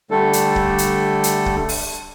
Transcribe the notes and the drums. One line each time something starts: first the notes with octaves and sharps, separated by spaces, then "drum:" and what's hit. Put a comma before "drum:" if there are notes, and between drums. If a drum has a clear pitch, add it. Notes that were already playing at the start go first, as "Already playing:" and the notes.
D3 G3 A3 A4
drum: hi-hat
drum: kick
drum: hi-hat
drum: hi-hat
drum: kick
drum: open hi-hat